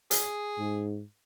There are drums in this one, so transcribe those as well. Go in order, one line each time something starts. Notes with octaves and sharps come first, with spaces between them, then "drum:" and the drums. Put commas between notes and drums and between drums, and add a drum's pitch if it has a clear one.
G#4, drum: hi-hat
G#2